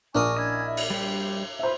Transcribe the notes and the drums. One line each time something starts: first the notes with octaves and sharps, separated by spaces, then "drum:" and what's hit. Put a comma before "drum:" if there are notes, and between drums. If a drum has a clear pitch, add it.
A#1 D4 A#4 D#5 G#5 C#6 D#6
C#4 E4 D#5 G#6
D5 E5
drum: cymbal
G3 G4 C5
B4 C5 E5